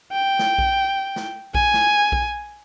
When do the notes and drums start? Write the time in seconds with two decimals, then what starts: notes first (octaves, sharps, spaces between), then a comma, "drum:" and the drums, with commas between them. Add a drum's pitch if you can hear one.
0.12 G5
0.39 drum: snare
0.58 drum: kick A#1
1.16 drum: snare
1.55 G#5, drum: kick A#1
1.74 drum: snare
2.12 drum: kick A#1